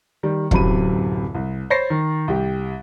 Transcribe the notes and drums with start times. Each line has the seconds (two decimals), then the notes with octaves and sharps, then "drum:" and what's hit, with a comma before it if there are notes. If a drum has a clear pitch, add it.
0.23 D#3 G3
0.51 D1 F#2 C3 B5 D#7, drum: kick
1.35 C2
1.70 C5 C#5 B5 A6 A#6 C7
1.90 D#3
2.28 C2 G4